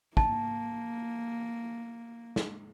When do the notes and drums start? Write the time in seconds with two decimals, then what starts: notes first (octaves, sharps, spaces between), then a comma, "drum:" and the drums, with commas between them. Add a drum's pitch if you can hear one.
0.17 A#3 A5, drum: kick
2.36 drum: snare